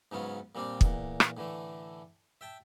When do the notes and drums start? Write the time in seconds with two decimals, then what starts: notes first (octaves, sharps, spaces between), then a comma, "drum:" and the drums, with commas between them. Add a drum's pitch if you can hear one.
0.11 G#2 C#3 F#3 B3 C#4 F4
0.55 A#2 G3 C4 D4 F4
0.81 E2 A#2, drum: kick
1.20 drum: rim click
1.37 A2 D3 E3 A3
2.41 E5 G5 A5